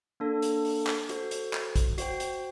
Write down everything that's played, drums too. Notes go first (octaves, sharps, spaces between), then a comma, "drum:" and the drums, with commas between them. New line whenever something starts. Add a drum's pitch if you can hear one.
A#3 D4 A4
drum: hi-hat
drum: open hi-hat
drum: clap
F#4 A4 C5, drum: hi-hat
drum: hi-hat
drum: clap
drum: kick, hi-hat
F#4 C5 G5, drum: hi-hat
drum: hi-hat